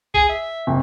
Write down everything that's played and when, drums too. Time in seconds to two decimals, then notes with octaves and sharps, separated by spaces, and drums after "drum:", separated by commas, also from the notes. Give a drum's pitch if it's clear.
0.14 G#4, drum: kick C2
0.29 E5
0.67 F#1 C3